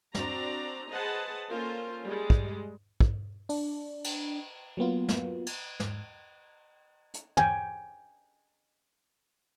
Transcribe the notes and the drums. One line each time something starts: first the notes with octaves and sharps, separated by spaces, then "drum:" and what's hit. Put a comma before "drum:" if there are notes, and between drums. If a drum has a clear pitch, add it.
C4 D4 F#4 D5 A#5, drum: snare
G#4 B4 C5 D#5 F#5 A5
A#3 C#4 F4 A4 A#4 C5
G3 G#3
drum: kick
drum: kick
D4, drum: open hi-hat
drum: cymbal
F#3 A#3 B3 F4
drum: snare
drum: cymbal
G#2, drum: snare
drum: hi-hat
G5 G#5, drum: tom